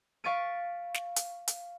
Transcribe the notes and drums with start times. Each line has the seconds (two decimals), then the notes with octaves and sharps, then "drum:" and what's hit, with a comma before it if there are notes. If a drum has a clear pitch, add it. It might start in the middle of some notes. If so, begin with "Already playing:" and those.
0.24 F5 C#6 A6 B6 D7 D#7
0.94 drum: snare
1.16 drum: hi-hat
1.48 drum: hi-hat